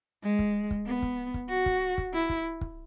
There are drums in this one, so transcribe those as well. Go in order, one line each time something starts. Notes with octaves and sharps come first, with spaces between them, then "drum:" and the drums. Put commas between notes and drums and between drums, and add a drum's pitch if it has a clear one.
G#3
drum: kick
drum: kick
B3
drum: kick
drum: kick
F#4
drum: kick
drum: kick
E4
drum: kick
drum: kick